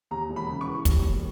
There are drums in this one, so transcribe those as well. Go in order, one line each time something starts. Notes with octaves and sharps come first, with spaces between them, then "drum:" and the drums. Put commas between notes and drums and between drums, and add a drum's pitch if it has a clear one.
D#2 A#5
E1
B5
C#3
C#6
E3
D#2, drum: kick, hi-hat
E1